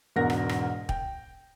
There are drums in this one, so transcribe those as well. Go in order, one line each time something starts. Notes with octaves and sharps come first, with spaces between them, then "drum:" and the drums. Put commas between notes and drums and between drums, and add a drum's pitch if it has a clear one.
E1 G#2 B2 A#4 F#5 A#6
drum: rim click
drum: rim click
G5, drum: kick